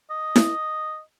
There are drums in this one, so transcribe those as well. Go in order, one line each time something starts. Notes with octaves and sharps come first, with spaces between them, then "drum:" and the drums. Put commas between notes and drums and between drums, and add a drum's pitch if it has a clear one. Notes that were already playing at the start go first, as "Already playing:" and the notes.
D#5
drum: snare E4